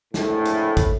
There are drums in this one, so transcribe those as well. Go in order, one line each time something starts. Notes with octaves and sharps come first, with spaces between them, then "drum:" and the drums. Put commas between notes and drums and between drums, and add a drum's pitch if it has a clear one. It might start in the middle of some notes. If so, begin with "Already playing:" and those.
A#1 A2, drum: snare
drum: hi-hat
drum: kick, hi-hat